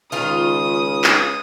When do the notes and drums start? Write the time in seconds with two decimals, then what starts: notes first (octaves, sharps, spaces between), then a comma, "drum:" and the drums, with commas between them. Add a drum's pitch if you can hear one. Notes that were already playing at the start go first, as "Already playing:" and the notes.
0.12 C#2 D#3 F4 D#6
1.04 drum: clap